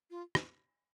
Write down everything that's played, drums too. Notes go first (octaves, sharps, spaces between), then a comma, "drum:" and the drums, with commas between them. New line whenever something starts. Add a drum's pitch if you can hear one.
F4
drum: rim click